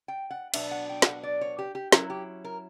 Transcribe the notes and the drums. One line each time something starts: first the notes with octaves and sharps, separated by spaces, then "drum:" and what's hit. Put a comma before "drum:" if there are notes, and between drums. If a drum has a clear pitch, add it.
G5
F#5
B2 F#3 B3 D4 E5, drum: cymbal
F#5
G5
E5, drum: snare
F#5
D5
C#5
G4
G4
F#3 C#4 E4 A#4, drum: snare
G4
A#4